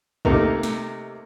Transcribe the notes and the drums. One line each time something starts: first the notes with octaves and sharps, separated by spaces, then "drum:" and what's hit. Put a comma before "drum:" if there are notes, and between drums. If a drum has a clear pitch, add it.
C3 A3 A#3 D#4, drum: kick
drum: snare